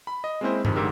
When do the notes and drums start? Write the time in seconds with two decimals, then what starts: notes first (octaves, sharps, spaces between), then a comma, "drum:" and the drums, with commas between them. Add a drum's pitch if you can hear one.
0.07 B5
0.24 D#5
0.41 G#3 A#3 C4 C#4 E4 C5
0.65 F2 C3 D#3, drum: tom F#2
0.76 A1 G#2 D3 G4 A#4 E6